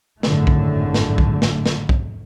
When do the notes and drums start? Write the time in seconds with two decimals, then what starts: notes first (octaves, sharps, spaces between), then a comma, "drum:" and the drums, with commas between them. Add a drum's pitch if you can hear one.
0.23 G#1 F#2 A2 D3 A3, drum: snare
0.47 drum: kick B1
0.94 drum: snare
1.18 drum: kick B1
1.42 drum: snare
1.66 drum: snare
1.89 drum: kick B1